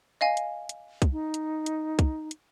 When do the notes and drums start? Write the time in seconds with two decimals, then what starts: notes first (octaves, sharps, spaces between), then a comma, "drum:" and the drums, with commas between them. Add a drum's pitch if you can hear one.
0.21 D#5 F5 G#5
0.37 drum: hi-hat
0.69 drum: hi-hat
1.02 drum: kick C2, hi-hat
1.12 D#4
1.34 drum: hi-hat
1.66 drum: hi-hat
1.99 drum: kick C2, hi-hat
2.31 drum: hi-hat